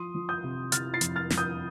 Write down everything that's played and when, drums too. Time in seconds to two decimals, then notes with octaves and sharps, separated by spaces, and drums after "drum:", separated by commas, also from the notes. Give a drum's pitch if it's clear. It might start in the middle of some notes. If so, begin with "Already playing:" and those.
Already playing: F3 C6 D#6
0.15 F3
0.29 D#6 G6
0.43 C3
0.72 C3 F6 A6, drum: hi-hat
0.94 A6 C7
1.01 F2, drum: hi-hat
1.16 F6 A6
1.30 F2, drum: snare
1.38 D#6 G6